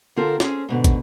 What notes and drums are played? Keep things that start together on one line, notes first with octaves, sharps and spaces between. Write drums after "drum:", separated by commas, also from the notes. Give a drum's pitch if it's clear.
D3 C4 F4 A4 A#4
C4 C#4 G#4, drum: snare
G#2 B2 D3
drum: kick, hi-hat